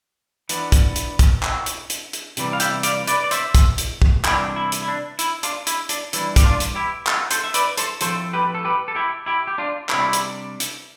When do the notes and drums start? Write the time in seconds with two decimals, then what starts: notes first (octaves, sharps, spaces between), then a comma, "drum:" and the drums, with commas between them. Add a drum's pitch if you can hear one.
0.49 E3 B3 D4, drum: hi-hat
0.72 drum: kick, hi-hat
0.96 drum: hi-hat
1.19 drum: kick, hi-hat
1.43 drum: clap
1.66 drum: hi-hat
1.90 drum: hi-hat
2.13 drum: hi-hat
2.37 C3 E3 G3, drum: hi-hat
2.53 F5
2.60 E5 G5, drum: hi-hat
2.83 D5 F5, drum: hi-hat
3.07 B4 D5, drum: hi-hat
3.24 D5
3.31 C5 E5, drum: hi-hat
3.55 drum: kick, hi-hat
3.78 drum: hi-hat
4.02 drum: kick
4.25 C3 E3 G3 D4 E4 G4, drum: clap
4.56 E4
4.72 drum: hi-hat
4.82 E4
4.88 D4
5.19 E4, drum: hi-hat
5.43 D4 F4, drum: hi-hat
5.67 E4, drum: hi-hat
5.89 D4, drum: hi-hat
6.13 E3 G3 D4 E4, drum: hi-hat
6.36 G4, drum: kick, hi-hat
6.44 D4 F4
6.60 drum: hi-hat
6.75 E4 G4
7.07 F4 A4, drum: clap
7.31 A4 C5, drum: hi-hat
7.44 E5
7.54 B4 D5, drum: hi-hat
7.77 A4 C5, drum: hi-hat
8.01 A2 F3 A3 C4 A4 C5, drum: hi-hat
8.33 G4 B4
8.55 A4
8.65 G4 B4
8.88 A4
8.95 E4 G4
9.26 E4 G4
9.47 G4
9.58 D4 F4
9.89 C3 G3 D4 E4, drum: clap
10.13 drum: hi-hat
10.60 drum: hi-hat